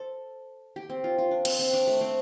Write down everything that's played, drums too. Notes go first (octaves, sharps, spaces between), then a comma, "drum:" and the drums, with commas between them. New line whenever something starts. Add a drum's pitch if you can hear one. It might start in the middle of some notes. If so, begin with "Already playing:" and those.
Already playing: A4 C5
G4
C4
F4
F4
D4
C4, drum: cymbal
C4
D4
A3
C4